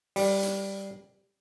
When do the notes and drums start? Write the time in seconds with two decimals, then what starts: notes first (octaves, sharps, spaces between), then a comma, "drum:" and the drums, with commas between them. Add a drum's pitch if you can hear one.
0.16 G3, drum: open hi-hat
0.43 drum: hi-hat